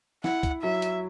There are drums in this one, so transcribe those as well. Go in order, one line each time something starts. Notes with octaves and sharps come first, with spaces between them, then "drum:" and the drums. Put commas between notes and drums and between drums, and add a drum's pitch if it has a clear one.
E4 F#5, drum: snare
drum: kick, hi-hat
F#3 E5
drum: hi-hat